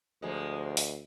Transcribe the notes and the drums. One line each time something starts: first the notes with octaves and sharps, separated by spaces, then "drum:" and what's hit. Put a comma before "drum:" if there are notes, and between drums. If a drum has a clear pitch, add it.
D2 F3 G#3 A#3
drum: open hi-hat